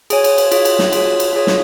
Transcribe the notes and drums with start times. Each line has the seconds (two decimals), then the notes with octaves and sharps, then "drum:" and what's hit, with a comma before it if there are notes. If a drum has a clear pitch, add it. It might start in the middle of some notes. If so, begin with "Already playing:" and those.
0.10 G#4 C#5 G#5, drum: cymbal
0.24 drum: cymbal
0.38 drum: cymbal
0.51 F4 G#4 C#5, drum: cymbal
0.65 drum: cymbal
0.79 drum: snare
0.93 F4 G#4 C#5, drum: cymbal
1.20 drum: cymbal
1.33 F4 G#4 C#5
1.47 drum: snare